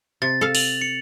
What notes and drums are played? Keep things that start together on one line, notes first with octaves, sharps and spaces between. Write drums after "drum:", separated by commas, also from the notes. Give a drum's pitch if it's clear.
C3 A6
A4 F5
F7 F#7, drum: open hi-hat
C#7